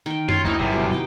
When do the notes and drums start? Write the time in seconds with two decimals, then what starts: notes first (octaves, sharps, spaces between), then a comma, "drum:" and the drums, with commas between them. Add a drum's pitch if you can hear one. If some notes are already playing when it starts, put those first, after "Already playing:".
0.06 D#3 G5
0.29 C#4 F4 C#5, drum: tom F#2
0.45 D2 C4 D#4 E4
0.59 G1 F#2 C3
0.72 B2
0.91 D#4 G4 D#5